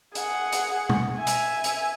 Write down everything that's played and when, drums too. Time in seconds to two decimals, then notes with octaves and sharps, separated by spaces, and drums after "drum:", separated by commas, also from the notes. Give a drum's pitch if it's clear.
0.15 G#4 F#5, drum: hi-hat
0.52 drum: hi-hat
0.89 drum: tom B2
1.17 E5 G#5
1.27 drum: hi-hat
1.64 drum: hi-hat